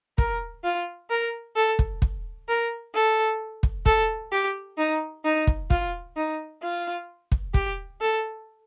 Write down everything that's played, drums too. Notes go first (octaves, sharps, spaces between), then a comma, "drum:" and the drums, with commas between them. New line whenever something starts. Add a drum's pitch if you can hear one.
A#4, drum: kick
F4
A#4
A4
drum: kick
drum: kick
A#4
A4
drum: kick
A4, drum: kick
G4
D#4
D#4
drum: kick
F4, drum: kick
D#4
F4
drum: kick
G4, drum: kick
A4